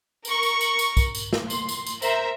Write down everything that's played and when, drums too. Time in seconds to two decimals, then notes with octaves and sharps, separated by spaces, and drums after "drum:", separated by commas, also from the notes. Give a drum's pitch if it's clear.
0.25 A#4 C#6, drum: tambourine
0.43 drum: tambourine
0.61 drum: tambourine
0.79 drum: tambourine
0.97 drum: kick, tambourine
1.15 drum: tambourine
1.33 drum: snare
1.50 C6, drum: tambourine
1.69 drum: tambourine
1.87 drum: tambourine
2.02 A#4 C5 E5 A#5, drum: tambourine